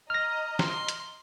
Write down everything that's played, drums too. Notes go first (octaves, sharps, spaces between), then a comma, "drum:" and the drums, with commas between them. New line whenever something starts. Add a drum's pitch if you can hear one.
D#5 A#5 F6 A#6
C6, drum: snare
drum: hi-hat